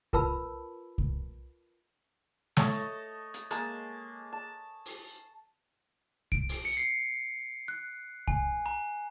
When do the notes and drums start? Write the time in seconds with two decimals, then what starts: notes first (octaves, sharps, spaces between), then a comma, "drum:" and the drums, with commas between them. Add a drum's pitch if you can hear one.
0.13 F4 A#4 B4 A5 B5 E6, drum: kick C2
0.98 drum: kick C2
2.57 A3 C#5 D#5 A5, drum: snare
3.34 drum: hi-hat
3.51 G#3 A#3 A5, drum: hi-hat
4.33 A5
4.86 drum: open hi-hat
6.32 D7, drum: kick C2
6.49 drum: open hi-hat
6.65 C#7
6.77 C7
7.68 F#6
8.28 G#5, drum: kick C2
8.66 A#5